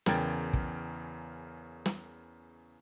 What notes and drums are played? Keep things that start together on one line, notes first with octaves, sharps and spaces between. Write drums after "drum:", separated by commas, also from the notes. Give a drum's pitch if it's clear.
E2 C#3 A#4 G5 G#6 A6, drum: snare
drum: kick
drum: snare